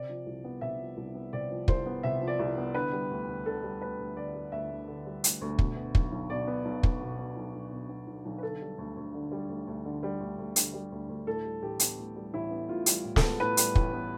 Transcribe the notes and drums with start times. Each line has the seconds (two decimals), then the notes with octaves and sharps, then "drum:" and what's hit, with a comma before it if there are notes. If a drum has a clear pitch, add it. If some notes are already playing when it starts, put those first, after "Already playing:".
Already playing: C3 D5
0.09 F3
0.26 C2
0.44 B3
0.61 C3 E5
0.79 F3
0.97 C2
1.15 B3
1.33 C3 D5
1.50 F3
1.68 C2 C5, drum: kick
1.86 B3
2.03 C3 E5
2.21 F3
2.27 D5
2.39 C2
2.58 B3
2.74 D3 B4
2.92 G3
3.11 D2
3.28 D2
3.45 D3 A4
3.63 G3
3.81 D2 B4
3.99 D2
4.16 D3 D5
4.35 G3
4.52 D2 E5
4.70 D2
4.88 D3
5.06 G3
5.24 D2, drum: hi-hat
5.41 D2
5.59 B2, drum: kick
5.76 B3
5.95 B1, drum: kick
6.12 B1
6.30 B2 D5
6.47 B3
6.65 B1
6.83 B1, drum: kick
7.01 B2
7.18 B3
7.37 B1
7.54 B1
7.71 B2
7.89 B3
8.07 B1
8.25 B1
8.38 B4
8.43 D3 A4
8.61 G3
8.78 D2
8.97 D2
9.14 D3
9.32 G3
9.49 D2
9.67 D2
9.85 D3
10.03 G3
10.20 D2
10.38 D2
10.56 D3, drum: hi-hat
10.74 G3
10.92 D2
11.09 D2
11.27 A2 A4
11.45 G3
11.62 A1 G4
11.80 B3, drum: hi-hat
11.98 A2
12.16 G3
12.33 A1 E4
12.51 B3
12.69 A2 F4
12.86 G3, drum: hi-hat
13.04 A1
13.16 A4, drum: snare
13.22 B3
13.40 A2 B4
13.57 G3, drum: hi-hat
13.75 A1, drum: kick
13.93 B3